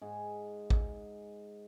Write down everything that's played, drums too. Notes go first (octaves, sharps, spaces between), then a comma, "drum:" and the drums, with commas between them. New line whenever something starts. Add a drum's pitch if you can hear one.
G#2 G#4
drum: kick A1